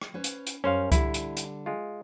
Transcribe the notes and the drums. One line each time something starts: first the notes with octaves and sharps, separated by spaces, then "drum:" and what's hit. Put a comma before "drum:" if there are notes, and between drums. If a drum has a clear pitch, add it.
drum: rim click
C#4 B4 C5
drum: hi-hat
drum: hi-hat
F#2 G3 C#4 C5 F5 G#5
D3 G3 E4, drum: kick C#2, hi-hat
drum: hi-hat
drum: hi-hat
G#3 F4